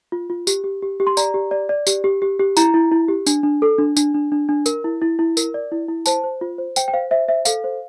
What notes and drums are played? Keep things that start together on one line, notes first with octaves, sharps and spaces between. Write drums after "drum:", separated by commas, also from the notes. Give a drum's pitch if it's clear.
F4
F4
G4, drum: tambourine
G4
G4
G4
C6
D5 A#5, drum: tambourine
G4
D5
D5
G4, drum: tambourine
G4
G4
G4
E4 A#5, drum: tambourine
E4
E4
G4
D4, drum: tambourine
D4
A4
D4
D4, drum: tambourine
D4
D4
D4
A#4, drum: tambourine
E4
E4
E4
A#4, drum: tambourine
D5
E4
E4
C5 A5, drum: tambourine
C5
F4
C5
C5 G5, drum: tambourine
G5
C5 F5
C5 E5
C5 E5
A4 F5, drum: tambourine
C5